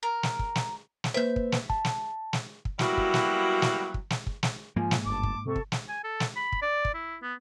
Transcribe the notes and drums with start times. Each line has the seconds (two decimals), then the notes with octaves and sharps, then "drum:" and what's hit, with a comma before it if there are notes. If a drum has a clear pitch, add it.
0.03 A#4
0.23 drum: snare
0.39 drum: kick
0.55 drum: snare
1.04 drum: snare
1.14 A#3 B4 C5 E5 G6
1.36 drum: kick
1.52 drum: snare
1.70 A5, drum: kick
1.85 drum: snare
2.33 drum: snare
2.65 drum: kick
2.79 F#3 G3 A#3 B3 E4 F#4, drum: snare
2.97 drum: kick
3.14 drum: snare
3.62 drum: snare
3.94 drum: kick
4.10 drum: snare
4.27 drum: kick
4.43 drum: snare
4.76 G#2 F3 A#3 G#5
4.91 drum: snare
5.06 G1 A5 D6
5.23 drum: kick
5.46 C3 A4 C#6
5.56 drum: kick
5.72 drum: snare
5.89 G#5
6.04 A4
6.20 drum: snare
6.36 B5
6.52 drum: kick
6.62 D5
6.85 drum: kick
6.94 E4
7.22 B3